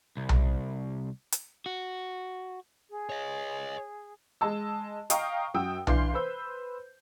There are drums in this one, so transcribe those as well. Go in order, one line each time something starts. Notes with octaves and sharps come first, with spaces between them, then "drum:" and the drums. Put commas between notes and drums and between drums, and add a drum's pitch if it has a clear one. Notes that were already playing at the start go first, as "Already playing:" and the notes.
C2
drum: tom B1
drum: hi-hat
F#4
G#4
C#5 D#5
G#3 D#5 A5 E6
D#5 F5 G5 A#5 C#6 D#6, drum: hi-hat
F#2 F#4 G5 D#6 E6
E3 D4 F5 C6 G6 C7, drum: tom B1
B4 C5 E6 G6